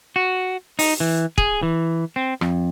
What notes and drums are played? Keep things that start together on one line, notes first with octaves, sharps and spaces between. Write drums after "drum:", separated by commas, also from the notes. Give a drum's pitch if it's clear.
F#4
D#4, drum: open hi-hat
E3
G#4, drum: kick
E3
C4
F2, drum: rim click